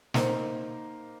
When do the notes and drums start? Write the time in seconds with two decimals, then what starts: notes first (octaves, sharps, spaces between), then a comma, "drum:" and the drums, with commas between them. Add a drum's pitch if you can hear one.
0.14 A#3 D#4 C5, drum: snare